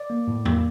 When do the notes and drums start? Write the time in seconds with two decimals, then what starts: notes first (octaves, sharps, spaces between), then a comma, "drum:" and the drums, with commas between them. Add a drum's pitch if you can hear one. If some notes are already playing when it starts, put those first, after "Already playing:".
Already playing: D5
0.10 A#3
0.28 A2
0.45 A#3, drum: tom E2